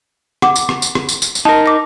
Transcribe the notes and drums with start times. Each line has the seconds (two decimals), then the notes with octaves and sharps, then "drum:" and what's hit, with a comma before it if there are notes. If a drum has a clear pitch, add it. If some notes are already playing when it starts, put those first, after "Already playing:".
0.42 F#5 D6, drum: rim click
0.56 drum: tambourine
0.69 drum: rim click
0.82 drum: tambourine
0.95 drum: rim click
1.09 drum: tambourine
1.22 drum: tambourine
1.35 drum: tambourine
1.45 D#4 A#4 A5
1.66 D6 A#6